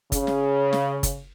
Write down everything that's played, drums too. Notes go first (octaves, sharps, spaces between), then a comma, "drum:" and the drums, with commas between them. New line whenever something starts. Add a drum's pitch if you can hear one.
C#3, drum: kick, hi-hat
drum: snare
drum: snare
drum: kick, hi-hat